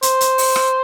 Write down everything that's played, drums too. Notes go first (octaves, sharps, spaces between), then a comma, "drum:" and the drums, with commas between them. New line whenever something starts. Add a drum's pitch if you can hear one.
C5, drum: hi-hat
drum: hi-hat
drum: open hi-hat
drum: rim click